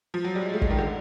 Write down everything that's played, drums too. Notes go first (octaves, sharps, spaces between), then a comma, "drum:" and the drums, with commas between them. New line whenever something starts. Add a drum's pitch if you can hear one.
F3
F#3
G3
G#3
A3
G#3, drum: kick
D#3
D3